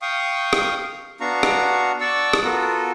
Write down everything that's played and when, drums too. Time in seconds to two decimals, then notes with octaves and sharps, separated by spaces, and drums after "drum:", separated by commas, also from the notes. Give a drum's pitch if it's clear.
0.02 F5 G5 C#6 D#6
0.53 drum: rim click
1.20 B3 D4 F#4 F5 A#5 C#6
1.43 drum: rim click
2.01 D5 F#5 A5 C#6 E6
2.33 drum: rim click
2.44 B3 F4 F#4 A4 A#4